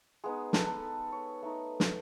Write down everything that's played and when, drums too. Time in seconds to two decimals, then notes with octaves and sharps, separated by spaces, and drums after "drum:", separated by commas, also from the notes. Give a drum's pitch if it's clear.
0.24 G#3 B3 D#4 G#4
0.53 A4, drum: snare
0.60 B4
0.67 A4
1.12 C#5
1.43 A3 D#4
1.80 drum: snare